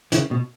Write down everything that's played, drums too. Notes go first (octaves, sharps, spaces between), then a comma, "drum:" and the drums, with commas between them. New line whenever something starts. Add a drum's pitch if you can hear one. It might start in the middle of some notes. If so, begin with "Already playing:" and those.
C#3 E3, drum: hi-hat
B2